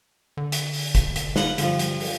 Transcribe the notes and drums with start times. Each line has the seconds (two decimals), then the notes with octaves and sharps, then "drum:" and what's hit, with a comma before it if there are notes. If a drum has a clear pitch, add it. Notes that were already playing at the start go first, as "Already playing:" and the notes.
0.37 D3
0.52 drum: hi-hat
0.73 drum: open hi-hat
0.95 drum: kick, hi-hat
1.16 drum: hi-hat
1.36 F4 B4 F#5, drum: snare
1.58 G2 D3 F3, drum: hi-hat
1.79 drum: hi-hat
2.00 drum: open hi-hat